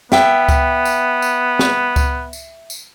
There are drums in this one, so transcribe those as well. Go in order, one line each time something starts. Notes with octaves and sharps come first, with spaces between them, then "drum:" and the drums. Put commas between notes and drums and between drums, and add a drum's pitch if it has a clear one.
B3 E5 G5, drum: snare
drum: kick C#2, tambourine
drum: tambourine
drum: tambourine
drum: snare
drum: kick C#2, tambourine
drum: tambourine
drum: tambourine